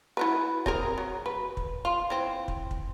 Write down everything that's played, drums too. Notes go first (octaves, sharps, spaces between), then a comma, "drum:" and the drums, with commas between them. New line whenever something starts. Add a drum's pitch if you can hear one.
E4 F#4 B4
C4 G#4 A#4, drum: kick
F#3
B4
drum: kick
F4
E3 C4
drum: kick
drum: kick